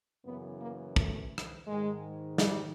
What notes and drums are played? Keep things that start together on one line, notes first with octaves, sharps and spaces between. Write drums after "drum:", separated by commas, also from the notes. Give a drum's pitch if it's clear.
F#2 C#3 E3 B3
A#3
A3, drum: kick
drum: rim click
G#2 D#3 G#3
G3, drum: snare